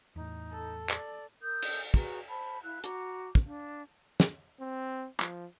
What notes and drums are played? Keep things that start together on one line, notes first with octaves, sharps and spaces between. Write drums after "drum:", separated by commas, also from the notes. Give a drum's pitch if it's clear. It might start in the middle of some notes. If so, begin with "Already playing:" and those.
E2 A2 D#4
A4
D5, drum: clap
A#4 D#6 E6 G6
drum: cymbal
F#4 G#4 B4 A#5, drum: kick
C5 A5 B5
E4 F5 E6 F#6
F#4 A#5 D6, drum: hi-hat
drum: kick
D4 F5
drum: snare
C4
F3, drum: clap